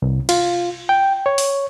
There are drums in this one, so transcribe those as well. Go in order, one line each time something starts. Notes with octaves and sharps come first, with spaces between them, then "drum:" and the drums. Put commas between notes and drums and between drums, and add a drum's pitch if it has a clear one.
C2
F4, drum: cymbal
G5
C#5
drum: open hi-hat